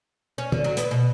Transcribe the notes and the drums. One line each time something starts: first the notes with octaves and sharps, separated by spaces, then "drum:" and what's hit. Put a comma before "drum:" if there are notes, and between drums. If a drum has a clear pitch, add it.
C#4
D3, drum: tom
F#3
B3, drum: hi-hat
B2